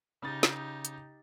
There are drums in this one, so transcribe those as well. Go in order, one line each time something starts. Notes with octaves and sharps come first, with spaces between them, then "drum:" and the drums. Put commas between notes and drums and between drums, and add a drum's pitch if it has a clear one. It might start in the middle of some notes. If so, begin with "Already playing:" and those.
C#3 D#4 G4 A6
drum: snare
drum: hi-hat